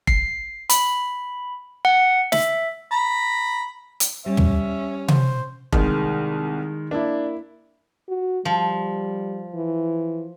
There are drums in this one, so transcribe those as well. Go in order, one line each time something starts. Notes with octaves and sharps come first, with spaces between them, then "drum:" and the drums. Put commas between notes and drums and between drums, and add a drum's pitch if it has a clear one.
C7, drum: kick F1
B5, drum: hi-hat
F#5
E5, drum: snare
A#5 B5
drum: hi-hat
G3 C#4 E5
drum: tom
C5, drum: tom C3
C2 D#3 G#3, drum: kick F1
A#3 D4 E4
F#4
F3 G3
E3